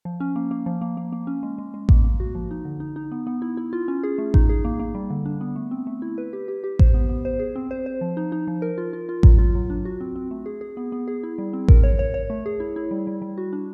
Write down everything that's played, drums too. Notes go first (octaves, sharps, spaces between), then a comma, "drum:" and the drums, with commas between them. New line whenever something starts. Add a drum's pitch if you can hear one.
F3
C#4
A#3
A#3
F3
A#3
A#3
A#3
C#4
G#3
G#3
G#3
A#3, drum: kick A1
A#3
F#4
F3
D#4
D3
D#4
D#4
B3
B3
E4
E4
F4
C#4
G#4
A3
D#4, drum: kick A1
G#4
A#3
A#3
G3
D3
D4
B3
A3
C4
A3
E4
B4
G4
G4
G4
C5, drum: kick A1
B3
B3
C5
G#4
C4
C5
C5
F3
D#4
D#4
F3
A#4
F4
F4
F4
F#3, drum: kick A1
F4
F#3
D4
F#4
C4
C4
A3
G#4
G#4
B3
B3
G#4
E4
G3
C4
A#4, drum: kick A1
C#5
C#5
C#5
A3
G#4
E4
E4
G3
G3
G3
F#4
D4